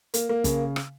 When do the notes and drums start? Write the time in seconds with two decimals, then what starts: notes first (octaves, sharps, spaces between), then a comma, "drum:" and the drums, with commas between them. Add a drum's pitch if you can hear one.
0.14 A#3, drum: hi-hat
0.29 A#3
0.44 C#3, drum: kick, hi-hat
0.76 drum: rim click